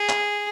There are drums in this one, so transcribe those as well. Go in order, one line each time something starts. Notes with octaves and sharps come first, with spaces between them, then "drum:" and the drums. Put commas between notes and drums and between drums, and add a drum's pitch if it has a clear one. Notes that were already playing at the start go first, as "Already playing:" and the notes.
Already playing: G#4
drum: clap